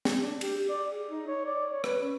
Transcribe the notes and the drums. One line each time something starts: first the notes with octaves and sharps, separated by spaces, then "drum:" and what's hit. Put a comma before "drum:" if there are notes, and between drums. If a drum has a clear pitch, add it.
drum: snare
D4
G4, drum: cymbal
G4
D5
G#4
D#4
C#5
D5
C#5
B4, drum: rim click
C#4